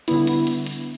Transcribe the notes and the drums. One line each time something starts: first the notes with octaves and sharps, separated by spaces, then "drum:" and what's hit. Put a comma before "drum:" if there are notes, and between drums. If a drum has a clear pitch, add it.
D3 G3 B3 E4, drum: hi-hat
drum: hi-hat
drum: hi-hat
drum: hi-hat